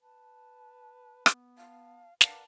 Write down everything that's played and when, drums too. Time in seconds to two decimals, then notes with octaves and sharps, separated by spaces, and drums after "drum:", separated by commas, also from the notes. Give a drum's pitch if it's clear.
0.01 B4 A5
1.26 B3, drum: rim click
1.57 F5 A5
2.21 A#4 B4 D5 F5 F#5 A5, drum: snare